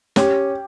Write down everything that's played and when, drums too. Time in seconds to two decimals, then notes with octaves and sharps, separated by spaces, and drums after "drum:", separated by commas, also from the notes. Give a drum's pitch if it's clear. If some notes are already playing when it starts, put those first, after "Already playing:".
0.16 C#4 G4, drum: snare